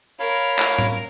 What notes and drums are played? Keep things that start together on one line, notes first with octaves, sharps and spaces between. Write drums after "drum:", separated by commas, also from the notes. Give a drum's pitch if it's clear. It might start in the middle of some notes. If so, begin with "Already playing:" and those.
A#4 C#5 F5 B5
drum: clap
drum: tom A2